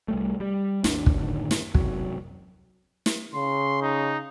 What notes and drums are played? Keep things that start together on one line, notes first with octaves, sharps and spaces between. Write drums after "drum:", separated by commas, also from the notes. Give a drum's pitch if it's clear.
C2 G3 A3
G3
G#1 D#2 D4, drum: snare
drum: kick
F#2 A2 D3 D#3
drum: snare
E1 F#2 C3 F#3, drum: kick
drum: snare
C#3 C6
D#4